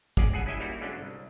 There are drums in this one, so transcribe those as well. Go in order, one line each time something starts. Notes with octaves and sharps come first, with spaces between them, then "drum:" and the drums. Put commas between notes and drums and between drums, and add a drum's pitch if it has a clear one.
F2 C#4 G#4 D5, drum: kick
G#4 A4 B4 F#5 G#5
G2 C#4 E4 D#5 E5 G#5
G3 A#3 D#4 E4 F#4
G#2 D3 F#3 C#4 D4
C2